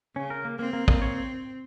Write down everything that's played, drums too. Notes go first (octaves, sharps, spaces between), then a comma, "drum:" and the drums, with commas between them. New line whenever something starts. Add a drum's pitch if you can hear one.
C#3 C#4
A#4
A#3
A#3 C4
A#3
A#3, drum: kick
C#5